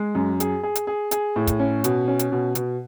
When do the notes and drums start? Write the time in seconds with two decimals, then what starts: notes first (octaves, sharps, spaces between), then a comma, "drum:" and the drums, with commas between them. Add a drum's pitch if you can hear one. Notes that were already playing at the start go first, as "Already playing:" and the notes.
Already playing: G#3
0.15 F#2
0.40 G#4, drum: hi-hat
0.63 G#4
0.75 drum: hi-hat
0.87 G#4
1.11 G#4, drum: hi-hat
1.36 A2
1.47 drum: kick, hi-hat
1.60 C#4
1.84 B2, drum: hi-hat
2.08 C#4
2.19 drum: hi-hat
2.32 B2
2.55 B2, drum: hi-hat